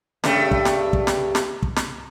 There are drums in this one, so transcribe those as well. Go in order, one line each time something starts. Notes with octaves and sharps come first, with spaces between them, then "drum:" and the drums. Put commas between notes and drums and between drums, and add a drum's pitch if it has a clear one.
G2 C#3 A3, drum: snare
drum: kick
drum: snare
drum: kick
drum: snare
drum: snare
drum: kick
drum: snare